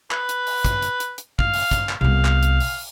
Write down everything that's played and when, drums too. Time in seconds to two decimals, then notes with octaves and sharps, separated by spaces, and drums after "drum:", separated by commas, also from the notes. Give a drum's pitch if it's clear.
0.11 B4, drum: clap
0.29 drum: hi-hat
0.47 drum: open hi-hat
0.65 drum: kick, hi-hat
0.82 drum: hi-hat
1.00 drum: hi-hat
1.18 drum: hi-hat
1.39 F5, drum: kick
1.54 drum: open hi-hat
1.71 drum: kick, hi-hat
1.89 drum: clap
2.01 C2 B3 F5
2.25 drum: clap
2.43 drum: hi-hat
2.60 drum: open hi-hat